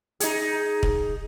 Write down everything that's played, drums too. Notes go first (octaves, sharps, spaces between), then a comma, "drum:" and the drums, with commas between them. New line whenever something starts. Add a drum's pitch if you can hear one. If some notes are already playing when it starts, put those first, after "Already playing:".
D#4 G#4, drum: hi-hat
drum: kick